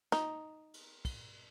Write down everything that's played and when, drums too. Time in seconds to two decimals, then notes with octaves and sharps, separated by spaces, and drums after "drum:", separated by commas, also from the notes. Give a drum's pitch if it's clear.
0.12 D#4, drum: snare
0.74 drum: cymbal
1.05 drum: kick, cymbal